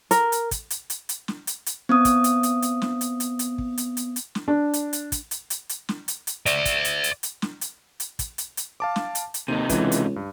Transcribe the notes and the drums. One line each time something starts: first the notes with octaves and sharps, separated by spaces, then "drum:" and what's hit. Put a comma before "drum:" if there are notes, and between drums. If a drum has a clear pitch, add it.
A#4, drum: hi-hat
drum: hi-hat
drum: kick, hi-hat
drum: hi-hat
drum: hi-hat
drum: hi-hat
drum: snare
drum: hi-hat
drum: hi-hat
B3 C4 D#6
drum: kick, hi-hat
drum: hi-hat
drum: hi-hat
drum: hi-hat
drum: snare
drum: hi-hat
drum: hi-hat
drum: hi-hat
drum: kick
drum: hi-hat
drum: hi-hat
drum: hi-hat
drum: snare
D4
drum: hi-hat
drum: hi-hat
drum: kick, hi-hat
drum: hi-hat
drum: hi-hat
drum: hi-hat
drum: snare
drum: hi-hat
drum: hi-hat
D5 E5, drum: hi-hat
drum: kick, hi-hat
drum: hi-hat
drum: hi-hat
drum: hi-hat
drum: snare
drum: hi-hat
drum: hi-hat
drum: kick, hi-hat
drum: hi-hat
drum: hi-hat
F5 A5 D6
drum: snare
drum: hi-hat
drum: hi-hat
D#2 C3 D#4 D#7
C#2 E3, drum: kick, hi-hat
drum: hi-hat
G2